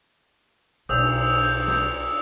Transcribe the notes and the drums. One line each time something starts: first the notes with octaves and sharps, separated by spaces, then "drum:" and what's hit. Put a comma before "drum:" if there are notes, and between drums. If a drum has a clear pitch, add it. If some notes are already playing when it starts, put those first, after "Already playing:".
B1 D#6 E6 G6 F7, drum: cymbal
drum: snare